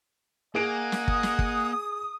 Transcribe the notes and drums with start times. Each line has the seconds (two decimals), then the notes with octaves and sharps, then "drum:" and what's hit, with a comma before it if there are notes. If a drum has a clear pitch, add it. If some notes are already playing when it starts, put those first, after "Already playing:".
0.55 A#3 G#4 D#5 F#5 G#5 D7
0.92 drum: snare
1.08 D#6, drum: kick
1.23 drum: snare
1.39 drum: kick